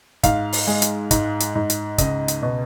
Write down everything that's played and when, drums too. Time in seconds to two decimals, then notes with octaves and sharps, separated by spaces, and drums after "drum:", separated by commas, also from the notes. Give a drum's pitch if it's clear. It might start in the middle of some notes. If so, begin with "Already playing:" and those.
0.23 G#2 F5, drum: kick, hi-hat
0.53 drum: open hi-hat
0.67 G#3
0.82 drum: hi-hat
1.11 G#2, drum: kick, hi-hat
1.40 drum: hi-hat
1.55 G#2
1.70 drum: hi-hat
1.98 C#2 D#5, drum: kick, hi-hat
2.28 drum: hi-hat
2.42 B2